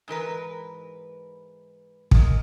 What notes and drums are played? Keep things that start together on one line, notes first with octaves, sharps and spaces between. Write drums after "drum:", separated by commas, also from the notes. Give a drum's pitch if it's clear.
G#2 E3 A#4 B4
G#3 A#3, drum: kick